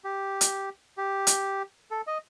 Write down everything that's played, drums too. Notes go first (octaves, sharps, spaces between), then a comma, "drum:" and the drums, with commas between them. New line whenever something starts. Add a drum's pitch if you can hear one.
G4
drum: hi-hat
G4
drum: hi-hat
A4
D#5